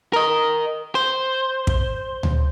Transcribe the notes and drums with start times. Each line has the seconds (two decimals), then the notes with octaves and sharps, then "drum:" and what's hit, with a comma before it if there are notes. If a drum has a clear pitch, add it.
0.13 A#4 D#5
0.95 C5
1.67 drum: kick
2.23 drum: tom D2